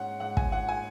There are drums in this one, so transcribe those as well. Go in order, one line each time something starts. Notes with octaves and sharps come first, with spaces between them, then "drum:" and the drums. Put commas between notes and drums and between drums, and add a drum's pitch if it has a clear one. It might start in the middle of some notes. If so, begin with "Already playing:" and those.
Already playing: G#2 C#4 F#5
G#2 F#5
G#5, drum: kick
G#2 F#5
G#5